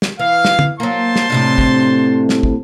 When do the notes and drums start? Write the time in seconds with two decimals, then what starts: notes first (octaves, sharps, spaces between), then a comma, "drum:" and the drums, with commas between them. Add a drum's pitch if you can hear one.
0.02 drum: snare
0.19 E3 F5
0.45 drum: snare
0.59 drum: tom
0.80 F#3 A#3 C5 A5 C6
1.16 drum: snare
1.30 A2 C3 D4
1.58 drum: kick
2.29 drum: snare
2.43 drum: kick